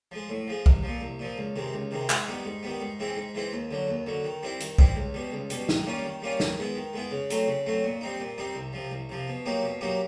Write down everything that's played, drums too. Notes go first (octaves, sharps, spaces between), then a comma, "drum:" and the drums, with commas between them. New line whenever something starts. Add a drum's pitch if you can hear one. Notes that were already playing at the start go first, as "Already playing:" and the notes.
F3 G#3
A2
F3 G#3
C2, drum: kick B1
A#2 F3
C2
A#2 F3
C#2
C3 D#3 G#3
C#2
C3 D#3 G#3
G#2, drum: clap
D#3 G3 B3
G#2
D#3 G3 B3
G#2
E3 G#3 C4 E4
G#2
E3 G#3 C4 E4
D#2
D3 F#3
D#2
D3 F#3
D#3
G3 C4 E4
D#3, drum: hi-hat
G3 C4 E4, drum: kick B1
C#2
B2 G3
C#2
B2 G3, drum: hi-hat
D#3, drum: snare
G3 A#3 C#4 F4
D#3
G3 A#3 C#4 F4
D#3, drum: snare
G#3 B3 E4
D#3
G#3 B3 E4
C#3
F#3 A3 C4, drum: hi-hat
C#3
F#3 A3 C4
A#2
G3 C4 D#4
A#2
G3 C4 D#4
C2
C3 F3
C2
C3 F3
B2
F#3 A#3 D#4 G4
B2
F#3 A#3 D#4 G4